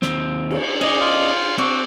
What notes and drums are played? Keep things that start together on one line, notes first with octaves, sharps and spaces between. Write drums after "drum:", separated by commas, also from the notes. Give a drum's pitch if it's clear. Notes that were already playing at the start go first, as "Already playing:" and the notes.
D#2 C4, drum: snare
drum: cymbal
C#4 G#4 D5 D#5
F4
C4 D4 F#4